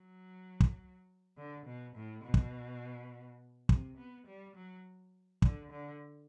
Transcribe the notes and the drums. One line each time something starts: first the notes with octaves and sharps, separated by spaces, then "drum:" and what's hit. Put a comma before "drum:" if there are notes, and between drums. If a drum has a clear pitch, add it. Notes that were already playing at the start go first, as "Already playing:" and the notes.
Already playing: F#3
drum: kick
D3
B2
A2
B2
drum: kick
C3, drum: kick
B3
G3
F#3
D3, drum: kick
D3